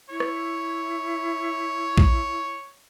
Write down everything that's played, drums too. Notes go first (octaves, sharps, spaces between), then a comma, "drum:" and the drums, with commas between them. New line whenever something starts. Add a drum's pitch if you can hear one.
E4 C#5
drum: rim click
drum: kick A#1